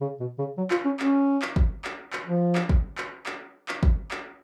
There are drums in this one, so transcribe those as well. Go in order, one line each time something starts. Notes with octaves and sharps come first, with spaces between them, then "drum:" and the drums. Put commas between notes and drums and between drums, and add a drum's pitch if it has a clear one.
C#3
B2
C#3
F#3
F4, drum: clap
C#4
C#4, drum: clap
drum: clap
drum: kick
drum: clap
drum: clap
F3
drum: clap
drum: kick
drum: clap
drum: clap
drum: clap
drum: kick
drum: clap